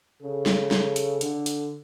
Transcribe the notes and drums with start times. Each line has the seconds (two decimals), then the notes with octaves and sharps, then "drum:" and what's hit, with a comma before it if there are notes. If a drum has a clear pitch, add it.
0.22 C#3 A4
0.46 drum: snare
0.71 drum: snare
0.96 drum: hi-hat
1.21 D3, drum: hi-hat
1.46 drum: hi-hat